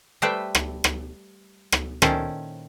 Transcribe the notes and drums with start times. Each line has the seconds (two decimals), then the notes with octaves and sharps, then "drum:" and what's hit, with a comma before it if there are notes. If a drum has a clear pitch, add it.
0.22 G3 A3 B4 C5 E5 G5
0.55 drum: rim click
0.84 drum: rim click
1.72 drum: rim click
2.02 A#2 D#3 C#4 E4 A4 C5, drum: rim click